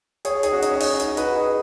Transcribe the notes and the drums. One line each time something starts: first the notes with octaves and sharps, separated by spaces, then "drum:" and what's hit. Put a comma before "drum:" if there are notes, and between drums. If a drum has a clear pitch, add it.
G#4 C#5, drum: hi-hat
D#4 G#4, drum: hi-hat
C#4 F#4
D#4, drum: hi-hat
C#4
D#4, drum: open hi-hat
D#4, drum: hi-hat
F#4 B4, drum: hi-hat
D#4 G#4